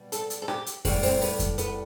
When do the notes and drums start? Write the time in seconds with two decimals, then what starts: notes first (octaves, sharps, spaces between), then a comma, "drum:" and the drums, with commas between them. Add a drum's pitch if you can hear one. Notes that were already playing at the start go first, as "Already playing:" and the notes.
Already playing: B2 G3
0.12 A4, drum: hi-hat
0.30 drum: hi-hat
0.42 A4
0.48 G4, drum: rim click
0.66 drum: hi-hat
0.85 A2 G3 F#4, drum: kick F2, open hi-hat
1.03 C4, drum: open hi-hat
1.22 B3, drum: open hi-hat
1.39 drum: kick F2, hi-hat
1.58 B3, drum: hi-hat